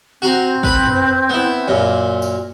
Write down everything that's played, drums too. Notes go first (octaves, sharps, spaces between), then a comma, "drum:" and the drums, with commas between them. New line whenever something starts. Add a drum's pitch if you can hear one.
C4 F#4 A#5 C6
B4 B5, drum: kick
drum: tom
B3 E4
F#2 A#2
drum: tambourine